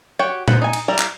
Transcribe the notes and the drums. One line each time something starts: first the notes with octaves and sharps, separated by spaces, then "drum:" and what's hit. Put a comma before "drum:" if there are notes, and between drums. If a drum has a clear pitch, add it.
F#4 G4 C#5 G5
B4 C5 F#5, drum: tom A#2
D#4 G#5
drum: cymbal
G3 E4 D5 A#5
drum: clap